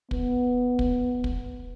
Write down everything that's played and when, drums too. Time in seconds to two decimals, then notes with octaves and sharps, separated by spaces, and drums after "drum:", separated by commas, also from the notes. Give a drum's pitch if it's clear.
0.11 B3, drum: kick
0.79 drum: kick
1.24 drum: kick